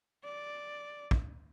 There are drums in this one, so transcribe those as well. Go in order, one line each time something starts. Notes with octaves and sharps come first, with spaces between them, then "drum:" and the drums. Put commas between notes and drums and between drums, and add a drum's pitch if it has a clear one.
D5
drum: kick